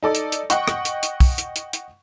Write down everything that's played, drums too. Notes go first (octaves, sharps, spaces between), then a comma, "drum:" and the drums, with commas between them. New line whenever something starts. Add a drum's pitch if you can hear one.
D#4 A4 D5
drum: hi-hat
drum: hi-hat
D#5 F#5 G5 C#6, drum: hi-hat
drum: rim click
drum: hi-hat
drum: hi-hat
drum: kick, open hi-hat
drum: hi-hat
drum: hi-hat
drum: hi-hat